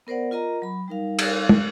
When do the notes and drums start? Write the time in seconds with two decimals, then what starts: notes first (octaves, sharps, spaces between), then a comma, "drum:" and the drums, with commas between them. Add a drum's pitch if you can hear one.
0.07 B3 A#4 C5 D5 F#5
0.31 F4 A#4 D#5 A#5
0.62 F#3 B5
0.88 G3 D#4 A#4 F5
1.19 drum: cymbal
1.49 drum: tom